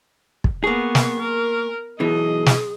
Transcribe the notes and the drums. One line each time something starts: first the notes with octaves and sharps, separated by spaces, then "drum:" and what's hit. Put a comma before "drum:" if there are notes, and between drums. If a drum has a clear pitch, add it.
drum: kick
A#3 B3 G#4 C#6
drum: snare
A#4
B1 B2 E3 G#4 D#5
drum: snare